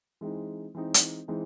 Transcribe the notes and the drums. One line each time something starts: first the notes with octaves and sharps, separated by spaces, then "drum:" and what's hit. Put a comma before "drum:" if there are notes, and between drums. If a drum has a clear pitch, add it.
E3 G#3 C4 D#4
E3 G#3 C4 D#4
drum: hi-hat
E3 G#3 C4 D#4